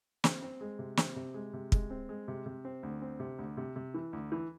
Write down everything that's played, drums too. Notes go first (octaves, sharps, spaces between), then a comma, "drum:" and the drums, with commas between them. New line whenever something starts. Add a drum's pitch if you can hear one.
C4, drum: snare
C4
G#3
C3
C4, drum: snare
C3
G#3
C3
G#3, drum: kick
C4
G#3
C3
C3
C4
D2
C4
C3
D2
C3
C3
E3
D2
E3